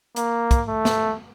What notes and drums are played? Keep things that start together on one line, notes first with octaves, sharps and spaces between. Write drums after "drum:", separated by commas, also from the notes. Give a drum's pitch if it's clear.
A#3, drum: hi-hat
drum: kick, hi-hat
A3
drum: snare